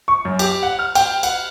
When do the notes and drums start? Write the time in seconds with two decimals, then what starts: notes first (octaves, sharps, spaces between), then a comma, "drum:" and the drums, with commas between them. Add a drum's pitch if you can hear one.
0.08 C#6
0.25 F#2
0.39 G4, drum: cymbal
0.63 F#5
0.79 F6
0.95 G5, drum: cymbal
1.23 F#5, drum: cymbal